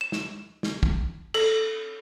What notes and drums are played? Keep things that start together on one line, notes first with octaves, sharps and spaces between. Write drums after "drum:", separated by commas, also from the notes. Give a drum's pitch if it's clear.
E7
drum: snare
drum: snare
drum: kick
A4, drum: cymbal